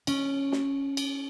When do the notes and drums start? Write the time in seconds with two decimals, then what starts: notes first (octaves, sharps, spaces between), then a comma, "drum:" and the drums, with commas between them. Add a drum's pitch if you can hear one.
0.07 C#4, drum: cymbal
0.52 drum: snare
0.97 drum: cymbal